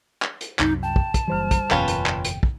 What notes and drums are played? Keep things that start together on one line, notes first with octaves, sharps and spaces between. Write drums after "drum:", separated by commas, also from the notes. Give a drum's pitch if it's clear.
drum: clap
drum: hi-hat
C2 F#2 D#4, drum: clap
G5 A5
drum: kick
drum: kick, hi-hat
F#1 E3 G3 C5 F6
drum: kick, hi-hat
F#1 E2 B2 C#4 F4 B4 G5, drum: clap
drum: hi-hat
drum: clap
drum: hi-hat
drum: kick